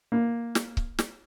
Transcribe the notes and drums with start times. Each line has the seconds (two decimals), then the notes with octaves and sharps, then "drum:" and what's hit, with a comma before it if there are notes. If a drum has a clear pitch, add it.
0.12 A#3
0.55 drum: snare
0.77 drum: kick C#1
0.99 drum: snare